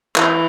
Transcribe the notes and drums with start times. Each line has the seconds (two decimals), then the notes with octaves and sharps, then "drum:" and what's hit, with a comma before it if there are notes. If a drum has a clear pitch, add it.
0.16 E3, drum: clap